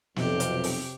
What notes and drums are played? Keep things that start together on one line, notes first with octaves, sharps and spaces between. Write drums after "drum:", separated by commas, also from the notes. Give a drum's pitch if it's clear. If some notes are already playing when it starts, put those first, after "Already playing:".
B1 F2 C3 G4, drum: snare
drum: hi-hat
drum: open hi-hat